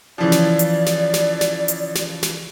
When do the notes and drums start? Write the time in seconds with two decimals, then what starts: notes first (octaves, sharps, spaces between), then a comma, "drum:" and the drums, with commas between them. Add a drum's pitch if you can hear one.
0.18 C#3 E3 F3 D5
0.32 drum: snare
0.59 drum: hi-hat
0.86 drum: snare
1.14 drum: snare
1.41 drum: snare
1.68 drum: hi-hat
1.95 drum: snare
2.23 drum: snare